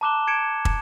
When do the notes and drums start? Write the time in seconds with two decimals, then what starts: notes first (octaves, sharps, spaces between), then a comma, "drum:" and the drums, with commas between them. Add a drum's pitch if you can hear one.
0.01 A5 A#5 D6 F#6 E7 G7
0.27 G#6 C#7 D7 E7
0.65 drum: kick